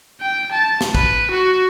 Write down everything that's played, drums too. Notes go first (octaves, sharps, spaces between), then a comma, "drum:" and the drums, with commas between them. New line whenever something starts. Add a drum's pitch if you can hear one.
G5
A5
drum: snare
B4, drum: kick
F#4